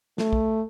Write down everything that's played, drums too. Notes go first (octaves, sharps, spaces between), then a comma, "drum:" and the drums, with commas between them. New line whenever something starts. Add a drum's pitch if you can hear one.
A3, drum: snare
drum: kick